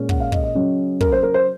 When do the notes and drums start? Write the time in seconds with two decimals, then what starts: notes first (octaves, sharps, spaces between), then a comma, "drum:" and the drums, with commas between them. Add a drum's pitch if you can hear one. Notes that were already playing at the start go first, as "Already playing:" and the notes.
Already playing: A#2 G#3 C#4
0.09 F#5, drum: kick
0.20 F5
0.32 D#5, drum: kick
0.43 D#5
0.55 C#3 F#3 C#4
1.01 A#4, drum: kick
1.12 C5
1.23 A#4
1.34 C5